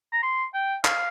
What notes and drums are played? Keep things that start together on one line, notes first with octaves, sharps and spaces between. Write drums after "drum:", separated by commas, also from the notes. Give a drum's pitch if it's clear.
A#5
C6
G5
F5, drum: clap